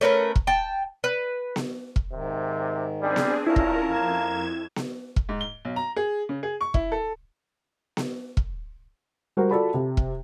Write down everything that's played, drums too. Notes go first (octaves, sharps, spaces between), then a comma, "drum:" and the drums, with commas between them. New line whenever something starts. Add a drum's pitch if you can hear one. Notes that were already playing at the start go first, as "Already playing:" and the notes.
A3 C#4 A#4 B4
drum: kick
G5 A5
B4
drum: snare B3
drum: kick
G#2 C3 D#3
G3 C4 D4 G#4
drum: snare B3
G2 C#4 E4 F4 A#4 A5 A#5
drum: kick
F2 A#3 G#6 E7
drum: snare B3
drum: kick
G#2
G7
B1
A#5
G#4
C#3
G#4
C#6
E4, drum: kick
A4
drum: snare B3
drum: kick
G3 F#4 A#4 C5
F4 F#4 A4 D5 A5 B5
C3
drum: kick